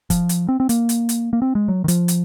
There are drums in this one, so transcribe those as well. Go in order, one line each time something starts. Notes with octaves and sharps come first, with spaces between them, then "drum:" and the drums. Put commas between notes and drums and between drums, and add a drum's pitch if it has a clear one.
F3, drum: kick F#1, hi-hat
drum: hi-hat
C4
C4
A#3, drum: hi-hat
drum: hi-hat
drum: hi-hat
A#3
C4
G#3
F#3
D#3
F3, drum: hi-hat
drum: hi-hat